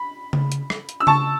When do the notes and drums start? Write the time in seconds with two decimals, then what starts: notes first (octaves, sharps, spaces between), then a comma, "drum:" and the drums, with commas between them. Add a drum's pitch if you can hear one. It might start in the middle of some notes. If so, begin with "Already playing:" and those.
Already playing: B5
0.33 drum: tom C#3
0.52 drum: hi-hat
0.70 drum: rim click
0.89 drum: hi-hat
1.00 E6
1.07 A5 C#6, drum: tom C#3